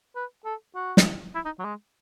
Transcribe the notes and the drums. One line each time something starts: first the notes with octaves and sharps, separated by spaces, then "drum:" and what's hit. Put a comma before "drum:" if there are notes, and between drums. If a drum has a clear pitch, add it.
B4
A4
F#4
drum: snare
E4
D#4
F#3
G#3